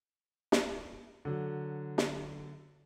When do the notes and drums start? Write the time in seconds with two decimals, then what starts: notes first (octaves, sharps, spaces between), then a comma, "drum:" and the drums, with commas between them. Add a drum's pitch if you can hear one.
0.52 drum: snare
1.25 D3 F#3
1.98 drum: snare